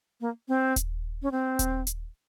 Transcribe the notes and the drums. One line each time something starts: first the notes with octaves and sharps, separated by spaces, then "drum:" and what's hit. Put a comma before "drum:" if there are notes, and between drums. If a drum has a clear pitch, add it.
A#3
C4
drum: kick D#1, hi-hat
C#4
C4
drum: kick D#1, hi-hat
drum: hi-hat